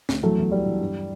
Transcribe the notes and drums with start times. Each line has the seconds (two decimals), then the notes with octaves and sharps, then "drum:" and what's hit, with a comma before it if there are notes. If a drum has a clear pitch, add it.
0.09 D2, drum: snare
0.23 E3 F#3 A3
0.38 E2
0.52 E2 G3
0.66 E2
0.81 G2